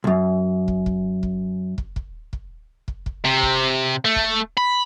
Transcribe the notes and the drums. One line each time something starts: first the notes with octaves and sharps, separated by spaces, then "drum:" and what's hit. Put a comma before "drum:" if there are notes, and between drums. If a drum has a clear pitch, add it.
B1 F#2
drum: kick
drum: kick
drum: kick
drum: kick
drum: kick
drum: kick
drum: kick
drum: kick
C3
drum: kick
A3
drum: kick
B5